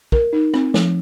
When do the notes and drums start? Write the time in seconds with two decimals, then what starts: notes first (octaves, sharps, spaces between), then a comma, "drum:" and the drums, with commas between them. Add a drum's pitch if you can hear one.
0.12 A#4, drum: kick
0.33 D#4
0.54 C4, drum: rim click
0.74 F3, drum: snare